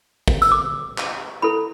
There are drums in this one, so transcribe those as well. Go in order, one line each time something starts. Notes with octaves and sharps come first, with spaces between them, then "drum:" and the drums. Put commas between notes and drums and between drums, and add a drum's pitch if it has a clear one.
drum: kick
E6, drum: tambourine
D6
drum: clap
E4 A4 B5